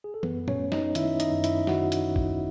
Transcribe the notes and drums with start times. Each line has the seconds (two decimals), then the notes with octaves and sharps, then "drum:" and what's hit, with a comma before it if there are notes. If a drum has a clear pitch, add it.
0.04 G#4
0.14 A4
0.23 F#2 B3 B4, drum: tom
0.48 C#4 C#5, drum: tom A#2
0.60 A3
0.72 D#4 D#5, drum: snare
0.95 D#3 E4 E5, drum: hi-hat
1.20 D#4 D#5, drum: hi-hat
1.32 F#2
1.44 E4 E5, drum: hi-hat
1.67 D#3 F#4 F#5, drum: snare
1.92 drum: hi-hat
2.16 drum: kick